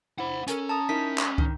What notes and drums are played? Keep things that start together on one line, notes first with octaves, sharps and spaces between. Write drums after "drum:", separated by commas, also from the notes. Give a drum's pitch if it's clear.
E4 C5 F#5
C#4 A4 A#4 G#5, drum: hi-hat
A5 A#5 D#6
D#4 E4 A#4 B6
drum: clap
D#3, drum: kick